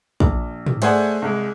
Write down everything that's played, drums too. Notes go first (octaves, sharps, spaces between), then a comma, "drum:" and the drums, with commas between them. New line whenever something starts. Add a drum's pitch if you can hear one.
A#1, drum: kick
drum: tom G#2
A3 G#4 C5 D5 F#5 G#5, drum: cymbal
C2 G#3